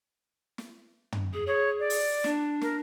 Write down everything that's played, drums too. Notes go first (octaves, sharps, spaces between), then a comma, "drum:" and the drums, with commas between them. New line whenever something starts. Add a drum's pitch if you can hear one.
drum: snare
drum: tom
G#4
G#4 C#5
D5
drum: open hi-hat
D4, drum: snare
A#4, drum: snare